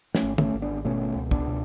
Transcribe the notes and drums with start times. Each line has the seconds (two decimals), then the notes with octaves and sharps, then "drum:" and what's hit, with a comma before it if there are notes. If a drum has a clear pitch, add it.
0.15 A3 C#4, drum: snare
0.23 G#1
0.38 A3 C#4, drum: tom
0.54 G#1
0.62 B3 D4
0.85 B2 A3 C#4
1.16 C#2
1.31 B3 D4, drum: kick
1.48 B2